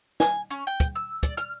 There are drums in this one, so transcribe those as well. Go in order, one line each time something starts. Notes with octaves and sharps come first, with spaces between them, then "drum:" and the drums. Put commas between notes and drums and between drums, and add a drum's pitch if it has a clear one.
G#5, drum: snare
C#4
G5
drum: kick, hi-hat
E6
D5, drum: kick, hi-hat
F6, drum: hi-hat